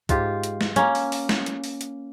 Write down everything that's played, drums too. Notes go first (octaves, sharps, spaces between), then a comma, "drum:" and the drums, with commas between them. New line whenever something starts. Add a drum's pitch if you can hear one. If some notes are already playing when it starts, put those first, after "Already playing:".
G#2 F4 G4, drum: kick C2, hi-hat
drum: hi-hat
drum: snare
A#3 C#4, drum: hi-hat
drum: open hi-hat
drum: open hi-hat
drum: snare
drum: hi-hat
drum: open hi-hat
drum: hi-hat